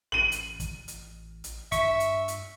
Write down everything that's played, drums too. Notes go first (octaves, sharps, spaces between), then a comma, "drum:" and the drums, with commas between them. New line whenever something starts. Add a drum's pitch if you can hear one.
A1 D#7 F#7
drum: hi-hat
drum: kick, hi-hat
drum: hi-hat
drum: hi-hat
G2 E5 C#6, drum: kick, hi-hat
drum: hi-hat
drum: hi-hat